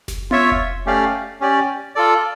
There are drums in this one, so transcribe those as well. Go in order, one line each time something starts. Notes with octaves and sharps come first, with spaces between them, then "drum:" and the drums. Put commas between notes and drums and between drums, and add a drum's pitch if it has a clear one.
drum: snare F#1
F4 C#5 E5, drum: tom B3
drum: kick F1
A3 C#4 G4 D5 F5
C#4 G4 D5
F4 A4 D5